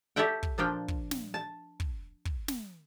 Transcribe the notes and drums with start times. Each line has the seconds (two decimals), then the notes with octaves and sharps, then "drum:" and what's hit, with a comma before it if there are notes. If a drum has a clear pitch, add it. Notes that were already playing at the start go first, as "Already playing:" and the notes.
0.16 G4 A4 C#5 E5 F#5 G5
0.43 drum: kick
0.58 A#2 F3 D4 F5 G5
0.88 drum: kick
1.11 drum: snare
1.34 A5
1.80 drum: kick
2.25 drum: kick
2.48 drum: snare